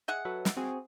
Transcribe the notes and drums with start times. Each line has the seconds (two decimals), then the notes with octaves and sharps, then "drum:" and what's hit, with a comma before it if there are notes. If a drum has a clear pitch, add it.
0.08 G#4 D#5 E5 F#5
0.25 F#3 A4 B4
0.45 drum: snare
0.57 C4 F#4 G#4